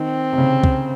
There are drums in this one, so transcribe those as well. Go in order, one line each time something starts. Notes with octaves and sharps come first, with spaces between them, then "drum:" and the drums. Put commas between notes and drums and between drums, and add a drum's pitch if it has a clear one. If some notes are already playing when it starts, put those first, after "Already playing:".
Already playing: D#3 C4
C3
C#3
drum: kick